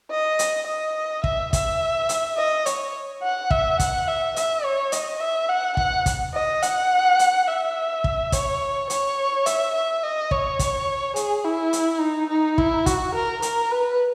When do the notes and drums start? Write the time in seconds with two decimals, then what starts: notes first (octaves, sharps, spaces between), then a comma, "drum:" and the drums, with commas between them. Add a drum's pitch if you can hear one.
0.11 D#5
0.39 drum: hi-hat
0.67 D#5
1.24 E5, drum: kick
1.53 E5, drum: kick, hi-hat
2.09 drum: hi-hat
2.37 D#5
2.66 C#5, drum: hi-hat
3.23 F#5
3.51 E5, drum: kick
3.80 F#5, drum: kick, hi-hat
4.08 E5
4.36 E5, drum: hi-hat
4.64 C#5
4.92 D#5, drum: hi-hat
5.20 E5
5.49 F#5
5.77 F#5, drum: kick
6.06 drum: kick, hi-hat
6.34 D#5
6.62 F#5, drum: hi-hat
7.19 drum: hi-hat
7.48 E5
8.04 drum: kick
8.32 C#5, drum: kick, hi-hat
8.90 C#5, drum: hi-hat
9.46 E5, drum: hi-hat
9.74 E5
10.03 D#5
10.31 C#5, drum: kick
10.59 drum: kick, hi-hat
11.16 G#4, drum: hi-hat
11.45 E4
11.73 drum: hi-hat
12.01 D#4
12.30 D#4
12.58 E4, drum: kick
12.86 F#4, drum: kick, hi-hat
13.15 A#4
13.42 A#4, drum: hi-hat
13.71 B4